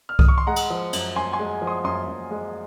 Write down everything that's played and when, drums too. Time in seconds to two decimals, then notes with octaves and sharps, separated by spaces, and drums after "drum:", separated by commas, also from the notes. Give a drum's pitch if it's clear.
0.09 F6
0.19 D#6, drum: kick C2
0.28 C#6
0.38 C6
0.47 G#3 F#5 A#5
0.56 drum: cymbal
0.70 F3
0.93 F#2, drum: cymbal
1.16 F#2 G#5 C6
1.33 G#5 C6
1.39 G#3
1.62 F3
1.67 C6 D#6
1.84 F#2 C6 D#6
2.07 F#2
2.31 G#3